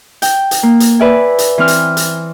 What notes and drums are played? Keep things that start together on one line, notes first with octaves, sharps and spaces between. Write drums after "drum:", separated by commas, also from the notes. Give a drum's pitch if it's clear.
G5, drum: hi-hat
drum: hi-hat
A#3
drum: hi-hat
B4 D5 E5 G#5
drum: hi-hat
E3 C4 F6
drum: hi-hat
drum: hi-hat